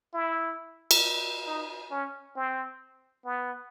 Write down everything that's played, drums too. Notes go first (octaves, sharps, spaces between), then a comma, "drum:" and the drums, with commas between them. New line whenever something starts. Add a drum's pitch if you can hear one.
E4
drum: cymbal
D#4
C#4
C4
B3